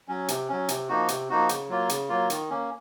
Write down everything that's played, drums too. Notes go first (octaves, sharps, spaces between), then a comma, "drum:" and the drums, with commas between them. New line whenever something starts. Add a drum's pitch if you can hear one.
F#3 C#4
C3, drum: hi-hat
F#3 C#4
C3, drum: hi-hat
F3 A#3 D#4 F#4
C3, drum: hi-hat
F3 A#3 D#4 F#4
C#3, drum: hi-hat
F#3 A#3 F4
C#3, drum: hi-hat
F#3 A#3 F4
D#3, drum: hi-hat
A#3 C#4